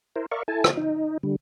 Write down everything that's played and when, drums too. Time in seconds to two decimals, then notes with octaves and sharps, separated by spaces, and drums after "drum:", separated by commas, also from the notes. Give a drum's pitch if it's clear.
0.16 E4 A#4 C5
0.31 A#4 D5 E5 F5 C#6
0.48 E4 A4 G#5 A5
0.64 drum: rim click
0.77 D#4
1.23 D3 G3